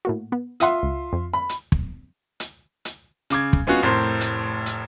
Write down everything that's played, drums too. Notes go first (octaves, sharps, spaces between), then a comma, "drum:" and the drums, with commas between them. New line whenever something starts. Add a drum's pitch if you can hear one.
A2 A#3 F#4
B3
F4 E5 F#5 C6 D#6, drum: hi-hat
C#2
F2
B5
drum: hi-hat
drum: kick
drum: hi-hat
drum: hi-hat
C#3 D6 G#6, drum: hi-hat
drum: kick
G#3 B3 C#4 F4 F#4
F1 A2 A#4 C5 C6
drum: hi-hat
drum: hi-hat